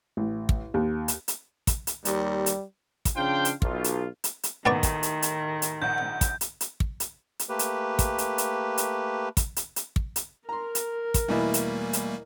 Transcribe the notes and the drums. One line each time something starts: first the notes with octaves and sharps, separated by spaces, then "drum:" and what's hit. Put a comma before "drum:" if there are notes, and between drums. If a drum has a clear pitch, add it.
A1
drum: kick
D#2
drum: hi-hat
drum: hi-hat
drum: kick, hi-hat
drum: hi-hat
D#2 G3, drum: hi-hat
drum: hi-hat
drum: kick, hi-hat
C#3 F3 D4 C5 F5 G5
drum: hi-hat
B1 F4, drum: kick
drum: hi-hat
drum: hi-hat
drum: hi-hat
D#2 A2 D#3 B3 D5 C#6
drum: kick, hi-hat
drum: hi-hat
drum: hi-hat
drum: hi-hat
A#1 F#5 G6
drum: kick, hi-hat
drum: hi-hat
drum: hi-hat
drum: kick
drum: hi-hat
drum: hi-hat
A3 A#3 G4 B4
drum: hi-hat
drum: kick, hi-hat
drum: hi-hat
drum: hi-hat
drum: hi-hat
drum: kick, hi-hat
drum: hi-hat
drum: hi-hat
drum: kick
drum: hi-hat
A#4 A#5 C6
drum: hi-hat
drum: kick, hi-hat
E2 B2 G3 A3 A#3 E4
drum: hi-hat
drum: hi-hat